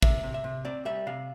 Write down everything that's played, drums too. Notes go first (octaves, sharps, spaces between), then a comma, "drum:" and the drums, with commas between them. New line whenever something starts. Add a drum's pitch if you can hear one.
C3 E5, drum: kick
C3
E5
C3
C4 D5
G3 E5
C3 F5